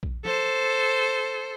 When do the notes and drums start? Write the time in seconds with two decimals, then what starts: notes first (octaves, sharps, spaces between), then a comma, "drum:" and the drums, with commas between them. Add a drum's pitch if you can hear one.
0.03 drum: kick A#1
0.25 A4 C5, drum: tom F3